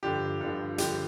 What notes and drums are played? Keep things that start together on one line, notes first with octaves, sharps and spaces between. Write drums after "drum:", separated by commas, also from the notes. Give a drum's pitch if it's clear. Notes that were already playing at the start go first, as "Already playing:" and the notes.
G2 D3 F3 G4
G2 D3 F3
G2 D3 F3 G4, drum: hi-hat